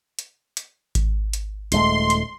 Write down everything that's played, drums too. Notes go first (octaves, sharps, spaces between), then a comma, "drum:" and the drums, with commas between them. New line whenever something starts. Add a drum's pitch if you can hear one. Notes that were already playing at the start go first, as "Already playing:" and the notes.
drum: hi-hat
drum: hi-hat
drum: kick G#1, hi-hat
drum: hi-hat
D#1 G#3 A3 C6, drum: hi-hat
drum: hi-hat